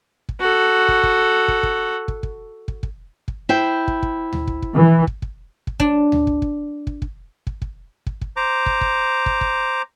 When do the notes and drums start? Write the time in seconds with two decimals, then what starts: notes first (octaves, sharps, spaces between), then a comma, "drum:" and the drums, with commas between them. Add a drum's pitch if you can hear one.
0.29 drum: kick
0.40 F#4 A4
0.89 drum: kick
1.03 drum: kick
1.48 drum: kick
1.63 drum: kick
2.08 drum: kick
2.23 drum: kick
2.68 drum: kick
2.83 drum: kick
3.28 drum: kick
3.49 E4 C5 G5
3.88 drum: kick
4.03 drum: kick
4.33 drum: tom D2
4.48 drum: kick
4.62 drum: kick
4.74 E3
5.07 drum: kick
5.22 drum: kick
5.67 drum: kick
5.80 D4, drum: kick
6.12 drum: tom D2
6.27 drum: kick
6.42 drum: kick
6.87 drum: kick
7.02 drum: kick
7.47 drum: kick
7.62 drum: kick
8.07 drum: kick
8.22 drum: kick
8.36 C5 A#5 D6
8.66 drum: kick
8.81 drum: kick
9.26 drum: kick
9.41 drum: kick